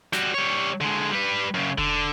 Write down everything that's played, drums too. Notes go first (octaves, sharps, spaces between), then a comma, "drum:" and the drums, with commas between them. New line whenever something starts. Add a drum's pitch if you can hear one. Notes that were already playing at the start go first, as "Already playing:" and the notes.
G3 F#4, drum: snare
G3 C#5
D3 G#3
G3 B4
F#2 C#3
D3, drum: kick E1